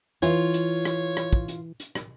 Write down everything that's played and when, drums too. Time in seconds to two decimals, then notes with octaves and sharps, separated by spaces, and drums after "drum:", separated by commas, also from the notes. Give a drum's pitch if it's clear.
0.23 E3 F4 C#5, drum: hi-hat
0.54 drum: hi-hat
0.85 drum: rim click
1.17 drum: rim click
1.33 drum: kick
1.48 drum: hi-hat
1.80 drum: hi-hat
1.95 drum: rim click